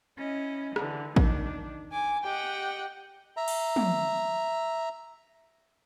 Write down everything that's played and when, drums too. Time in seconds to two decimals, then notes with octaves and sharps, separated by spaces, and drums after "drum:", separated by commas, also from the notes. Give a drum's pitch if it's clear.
0.17 C#4 E4 D#5
0.76 D3 E3, drum: rim click
1.16 D#3 D4, drum: kick A1
1.92 G#5 D6
2.23 G4 D#5 F#5 G5
3.37 E5 A#5
3.48 drum: cymbal
3.76 drum: tom